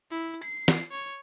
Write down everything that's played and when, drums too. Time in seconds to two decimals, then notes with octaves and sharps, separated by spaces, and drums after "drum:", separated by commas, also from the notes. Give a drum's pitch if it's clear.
0.11 E4
0.43 C7
0.68 drum: snare
0.91 C#5